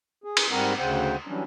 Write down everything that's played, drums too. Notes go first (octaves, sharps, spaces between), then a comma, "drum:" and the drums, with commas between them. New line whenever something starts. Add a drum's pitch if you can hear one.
G#4
drum: cymbal
G#2 G3 C4 A#4 F#5 A#5
D2 C#3 C5 F#5 G5
E3 F#3 G3 C#4 D4